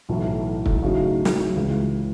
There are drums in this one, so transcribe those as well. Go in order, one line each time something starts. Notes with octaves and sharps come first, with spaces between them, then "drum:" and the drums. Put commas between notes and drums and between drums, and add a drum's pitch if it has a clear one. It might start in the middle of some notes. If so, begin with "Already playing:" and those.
B1 A2 E3 A3
drum: kick
C#3 F#3 A3 D#4
drum: snare
C#2 C#3 E3 G#3